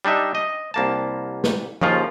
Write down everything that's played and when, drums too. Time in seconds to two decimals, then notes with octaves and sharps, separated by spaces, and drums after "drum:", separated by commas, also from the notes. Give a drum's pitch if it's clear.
0.05 G3 D4 D#4 E5
0.35 D#5
0.74 C2 A#3 A5
1.44 drum: snare
1.81 D#2 C#3 F3 F4, drum: tom F3